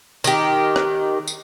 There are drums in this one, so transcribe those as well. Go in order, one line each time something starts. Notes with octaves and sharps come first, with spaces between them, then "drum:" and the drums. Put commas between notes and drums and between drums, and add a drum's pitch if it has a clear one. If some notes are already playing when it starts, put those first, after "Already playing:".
D#3 G4, drum: tambourine
drum: rim click
drum: tambourine